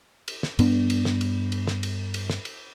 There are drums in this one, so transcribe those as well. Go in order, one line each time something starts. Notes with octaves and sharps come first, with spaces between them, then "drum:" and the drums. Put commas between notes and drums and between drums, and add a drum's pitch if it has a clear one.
drum: cymbal
drum: snare
G2 B3 D4, drum: cymbal
drum: cymbal
drum: snare
drum: cymbal
drum: cymbal
drum: snare
drum: cymbal
drum: cymbal
drum: snare
drum: cymbal